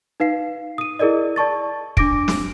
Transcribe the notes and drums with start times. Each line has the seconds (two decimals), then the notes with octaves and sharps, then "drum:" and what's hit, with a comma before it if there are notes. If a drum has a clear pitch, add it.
0.20 D#4 B4 F5 C7
0.78 D#6 D#7
0.99 E4 G#4 A#4 D5 D#5
1.36 D5 A5 C#6 A6
1.97 D4 D6 A#6 D7, drum: kick
2.28 drum: snare